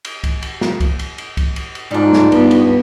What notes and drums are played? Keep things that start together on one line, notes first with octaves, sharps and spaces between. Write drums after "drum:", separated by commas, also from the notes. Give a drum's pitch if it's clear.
drum: cymbal
drum: kick C2, cymbal
drum: cymbal
drum: snare
drum: kick C2, cymbal
drum: cymbal
drum: cymbal
drum: kick C2, cymbal
drum: cymbal
drum: cymbal
G#2 G3 D4 D#4 F4
drum: snare
G2 B3, drum: cymbal
drum: cymbal